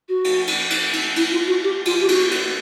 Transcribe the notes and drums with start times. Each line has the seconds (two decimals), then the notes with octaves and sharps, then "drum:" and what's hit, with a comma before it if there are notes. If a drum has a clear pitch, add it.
0.08 F#4
0.24 drum: cymbal
0.47 drum: cymbal
0.70 drum: cymbal
0.93 drum: cymbal
1.16 E4, drum: cymbal
1.31 F4
1.46 F#4
1.63 G4
1.85 F4, drum: cymbal
2.00 G4
2.08 F#4, drum: cymbal
2.31 drum: cymbal